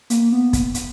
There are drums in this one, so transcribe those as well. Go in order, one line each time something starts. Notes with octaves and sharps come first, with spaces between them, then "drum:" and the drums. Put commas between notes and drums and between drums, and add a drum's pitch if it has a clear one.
A#3, drum: hi-hat
B3
drum: kick, hi-hat
drum: hi-hat